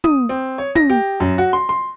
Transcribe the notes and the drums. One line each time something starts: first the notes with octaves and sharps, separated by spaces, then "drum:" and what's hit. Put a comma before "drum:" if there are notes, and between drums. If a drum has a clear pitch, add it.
D#6, drum: tom
C4
C#5
A#6, drum: tom
G4
F#2
F#4
C6
C6